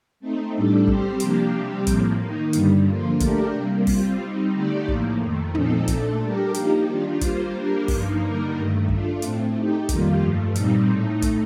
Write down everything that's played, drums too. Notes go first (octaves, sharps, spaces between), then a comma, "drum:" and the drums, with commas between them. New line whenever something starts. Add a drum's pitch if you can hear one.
A3 C4 D#4
A2 G3 D4 A4
G3 C4 G4 C5, drum: kick
C3 F3 A#3 D4 G4, drum: hi-hat
C3 G3 C4 G4
A2 F3 A#3, drum: kick, hi-hat
D#3 A#3 D#4
G2 D3 G3, drum: hi-hat
D3 F3 A#3 F4
A3 D4 G4 A#4, drum: kick, hi-hat
C3 G3 A#3
G3 C4 F4, drum: kick, open hi-hat
G3 C4 D#4
D3 A3 D#4 G4 D5
A2 F3 A#3, drum: kick
F2 D#3 A3
A#2 F3 C4 D#4 A4, drum: tom
A#2 A3 D4 A4, drum: kick, hi-hat
G3 D4 G4 A#4
F3 A#3 D#4 G4, drum: hi-hat
D#3 G3 D4 F4
G3 A#3 F4 C5, drum: kick, hi-hat
G3 A#3 D4 G4 A#4
G2 F3 A#3 D#4, drum: kick, open hi-hat
D3 G3 A#3 D#4 A#4
G2 D#3 A3
A3 D4 F4, drum: kick
A2 A3 C4, drum: hi-hat
A3 D#4 G4
F2 D#3 G3 A#3 F4, drum: kick, hi-hat
G2 F3 A3
A#2 G3 C4 D#4, drum: hi-hat
A2 A3 D#4
drum: kick, hi-hat